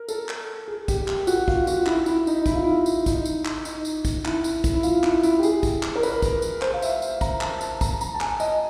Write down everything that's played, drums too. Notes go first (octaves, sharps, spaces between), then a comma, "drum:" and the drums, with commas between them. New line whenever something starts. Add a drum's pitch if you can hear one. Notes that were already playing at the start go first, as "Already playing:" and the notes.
Already playing: A#4
A4, drum: tambourine
drum: clap
G#4
G4, drum: kick, tambourine
drum: clap
F#4, drum: tambourine
F4, drum: kick
F#4, drum: tambourine
E4, drum: clap
E4, drum: tambourine
D#4, drum: tambourine
E4, drum: kick, tambourine
F4
E4
drum: tambourine
D#4, drum: kick, tambourine
drum: tambourine
drum: clap
D#4, drum: tambourine
drum: tambourine
drum: kick, tambourine
E4, drum: clap
drum: tambourine
drum: kick, tambourine
E4
F4, drum: tambourine
E4, drum: clap
E4, drum: tambourine
G4
G#4, drum: tambourine
drum: kick, tambourine
drum: clap
A#4
B4, drum: tambourine
drum: kick, tambourine
drum: tambourine
C5, drum: clap
F5
E5, drum: tambourine
F5, drum: tambourine
A#5, drum: kick, tambourine
A5, drum: clap
A5, drum: tambourine
A#5, drum: kick, tambourine
A#5, drum: tambourine
A5
G#5, drum: clap
D#5, drum: tambourine